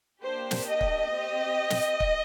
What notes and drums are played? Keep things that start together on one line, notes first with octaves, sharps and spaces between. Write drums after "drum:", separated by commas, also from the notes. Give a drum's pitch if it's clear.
A#3 D4 G4 C5
drum: snare
D#5
drum: kick
C4 G4
drum: snare
drum: kick